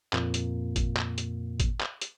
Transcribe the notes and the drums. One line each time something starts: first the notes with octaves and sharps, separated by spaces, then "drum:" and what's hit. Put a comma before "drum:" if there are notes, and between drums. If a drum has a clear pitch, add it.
F2 A#2 A#3, drum: clap
drum: hi-hat
drum: kick G#1, hi-hat
drum: clap
drum: hi-hat
drum: kick G#1, hi-hat
drum: clap
drum: hi-hat